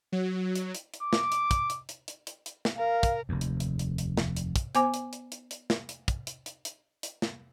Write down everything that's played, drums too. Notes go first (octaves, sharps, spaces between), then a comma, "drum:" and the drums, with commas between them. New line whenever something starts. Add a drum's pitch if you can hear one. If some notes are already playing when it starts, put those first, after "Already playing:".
F#3
drum: hi-hat
drum: hi-hat
drum: hi-hat
D6
drum: snare
drum: hi-hat
drum: kick, hi-hat
drum: hi-hat
drum: hi-hat
drum: hi-hat
drum: hi-hat
drum: hi-hat
drum: snare
A#4 F5
drum: kick, hi-hat
F1 D#2
drum: hi-hat
drum: hi-hat
drum: hi-hat
drum: hi-hat
drum: snare
drum: hi-hat
drum: kick, hi-hat
B3 C5 G#5 D6, drum: hi-hat
drum: hi-hat
drum: hi-hat
drum: hi-hat
drum: hi-hat
drum: snare
drum: hi-hat
drum: kick, hi-hat
drum: hi-hat
drum: hi-hat
drum: hi-hat
drum: hi-hat
drum: snare